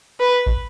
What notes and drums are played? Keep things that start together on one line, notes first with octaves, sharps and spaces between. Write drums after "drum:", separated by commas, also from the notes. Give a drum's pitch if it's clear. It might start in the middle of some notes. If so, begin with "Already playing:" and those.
B4
drum: kick